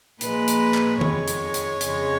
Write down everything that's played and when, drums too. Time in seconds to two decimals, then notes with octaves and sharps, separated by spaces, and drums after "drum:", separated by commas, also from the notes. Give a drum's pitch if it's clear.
0.21 A#2 F3 G#3 B4, drum: hi-hat
0.48 drum: hi-hat
0.74 drum: clap
1.01 F2 D#3 G#3 C#5, drum: tom D#3
1.28 drum: hi-hat
1.54 drum: hi-hat
1.81 F2 C#3 G#3, drum: hi-hat